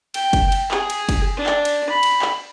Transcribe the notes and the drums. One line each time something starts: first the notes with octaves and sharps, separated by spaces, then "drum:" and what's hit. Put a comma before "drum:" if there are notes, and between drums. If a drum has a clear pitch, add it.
G5, drum: cymbal
drum: kick F#1, cymbal
drum: cymbal
G#4, drum: clap
drum: cymbal
drum: kick F#1, cymbal
D4
drum: clap
drum: cymbal
B5
drum: cymbal
drum: clap